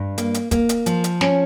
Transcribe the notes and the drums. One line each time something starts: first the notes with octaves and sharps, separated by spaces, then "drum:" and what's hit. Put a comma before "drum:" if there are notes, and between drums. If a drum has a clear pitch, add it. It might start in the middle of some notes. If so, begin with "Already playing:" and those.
Already playing: G2
A#3, drum: hi-hat
drum: hi-hat
A#3, drum: kick, hi-hat
drum: hi-hat
F3, drum: hi-hat
drum: hi-hat
C#4, drum: snare